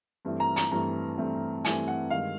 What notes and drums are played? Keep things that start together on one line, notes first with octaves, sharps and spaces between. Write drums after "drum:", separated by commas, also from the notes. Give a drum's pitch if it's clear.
G2 E3 A3 C4
A#5
A#5, drum: hi-hat
G2 E3 A3 C4 A#5
G2 E3 A3 C4
G2 E3 A3 C4 G#5, drum: hi-hat
F#5
G2 D#3 G#3 F5